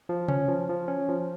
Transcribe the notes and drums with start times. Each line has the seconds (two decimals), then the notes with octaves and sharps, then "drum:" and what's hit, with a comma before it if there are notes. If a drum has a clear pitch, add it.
0.09 F3
0.28 C#4, drum: tom C3
0.48 F3
0.69 F3
0.88 C#4
1.09 F3